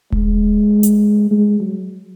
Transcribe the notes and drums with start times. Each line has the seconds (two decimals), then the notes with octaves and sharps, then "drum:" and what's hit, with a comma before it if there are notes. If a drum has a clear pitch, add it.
0.12 G#3, drum: kick D#1
0.83 drum: hi-hat
1.31 G#3
1.60 F#3